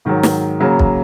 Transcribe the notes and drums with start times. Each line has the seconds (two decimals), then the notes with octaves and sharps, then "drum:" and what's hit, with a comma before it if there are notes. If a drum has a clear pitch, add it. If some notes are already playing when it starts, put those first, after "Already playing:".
0.05 G#2 D#3 F#3
0.23 drum: snare
0.60 C#3 F#3 A#3
0.79 drum: kick